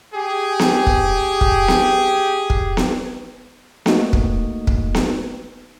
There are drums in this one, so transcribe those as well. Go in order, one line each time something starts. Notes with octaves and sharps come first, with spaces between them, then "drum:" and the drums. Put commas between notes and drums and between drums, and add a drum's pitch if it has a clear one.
G4 G#4
drum: snare B3
drum: kick
drum: kick
drum: snare B3
drum: kick
drum: snare B3
A3 A#3 D#4 F#4 D#5, drum: snare B3
drum: kick
drum: kick
drum: snare B3